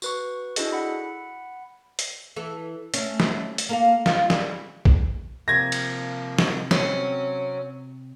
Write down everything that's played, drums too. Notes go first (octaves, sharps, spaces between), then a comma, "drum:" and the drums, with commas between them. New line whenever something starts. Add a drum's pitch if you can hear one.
F#4 B4 C#6, drum: tambourine
D4 E4 F#4 G#4 A4 D#5, drum: hi-hat
F#5 B5
drum: hi-hat
E3 A4
A3 C#4, drum: hi-hat
drum: snare
drum: hi-hat
A#3 A4 F5
F4, drum: snare
G3, drum: snare
drum: kick A#1
C3 F3 A#3 G#6 A#6
drum: cymbal
drum: snare
F#3 C4 C#4, drum: snare